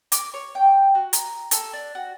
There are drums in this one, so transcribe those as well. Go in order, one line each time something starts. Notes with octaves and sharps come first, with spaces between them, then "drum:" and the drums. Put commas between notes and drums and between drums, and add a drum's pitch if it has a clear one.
D6, drum: hi-hat
C#5
G5
F#4
A#5, drum: hi-hat
A4, drum: hi-hat
D4
F#4